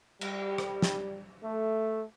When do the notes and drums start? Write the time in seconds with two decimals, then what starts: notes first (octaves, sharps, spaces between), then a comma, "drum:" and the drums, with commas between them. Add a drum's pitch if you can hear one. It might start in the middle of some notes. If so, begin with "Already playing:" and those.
0.21 G3, drum: cymbal
0.58 drum: rim click
0.82 drum: snare
1.43 A3